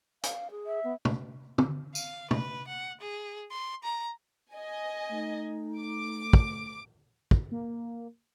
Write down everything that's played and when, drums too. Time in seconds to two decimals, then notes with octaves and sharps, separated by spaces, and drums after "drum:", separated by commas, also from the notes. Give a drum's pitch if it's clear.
0.23 F5, drum: hi-hat
0.51 G#4
0.65 E5
0.84 B3
1.05 drum: tom
1.58 drum: tom
1.95 F5, drum: tambourine
2.31 B4, drum: tom
2.68 F#5
3.01 G#4
3.51 C6
3.84 A#5
4.53 D#5 G#5
5.11 A3 D#4
5.79 D6
6.33 drum: kick
7.31 drum: kick
7.52 A#3